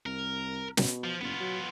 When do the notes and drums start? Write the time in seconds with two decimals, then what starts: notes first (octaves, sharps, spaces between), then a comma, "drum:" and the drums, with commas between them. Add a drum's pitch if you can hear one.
0.06 C2 A#4
0.77 B2, drum: snare
1.04 F3
1.21 F#1 B3 F4
1.40 F#3